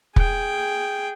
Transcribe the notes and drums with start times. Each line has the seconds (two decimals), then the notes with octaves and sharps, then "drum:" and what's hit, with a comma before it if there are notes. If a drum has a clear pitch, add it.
0.16 G#4 G5, drum: kick